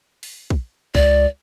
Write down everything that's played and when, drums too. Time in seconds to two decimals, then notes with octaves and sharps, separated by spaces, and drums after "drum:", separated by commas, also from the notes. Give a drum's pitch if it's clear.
0.23 drum: open hi-hat
0.50 drum: kick
0.95 C#2 D5, drum: kick